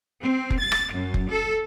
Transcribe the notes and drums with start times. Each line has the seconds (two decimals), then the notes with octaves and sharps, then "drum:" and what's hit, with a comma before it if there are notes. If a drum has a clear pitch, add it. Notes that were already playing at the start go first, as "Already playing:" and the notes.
0.22 C4
0.50 drum: kick F1
0.60 A6
0.72 drum: rim click
0.93 F#2
1.14 drum: kick F1
1.29 A4